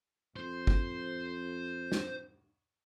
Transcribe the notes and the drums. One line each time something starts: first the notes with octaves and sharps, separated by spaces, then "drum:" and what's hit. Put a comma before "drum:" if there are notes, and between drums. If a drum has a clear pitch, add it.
F2 C5
drum: kick
drum: snare